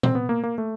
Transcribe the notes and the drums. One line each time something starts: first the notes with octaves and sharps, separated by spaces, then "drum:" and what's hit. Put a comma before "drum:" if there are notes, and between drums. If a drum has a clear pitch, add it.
C4, drum: tom A#2
B3
A#3
A#3
A3